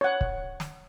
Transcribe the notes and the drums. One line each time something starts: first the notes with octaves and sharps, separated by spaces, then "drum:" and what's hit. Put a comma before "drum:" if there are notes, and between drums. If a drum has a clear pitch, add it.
C#5 F#5
drum: kick
drum: snare